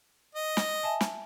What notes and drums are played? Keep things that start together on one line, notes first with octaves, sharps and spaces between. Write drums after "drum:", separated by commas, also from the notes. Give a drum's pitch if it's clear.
D#5
drum: snare
E5 G#5 A5
drum: snare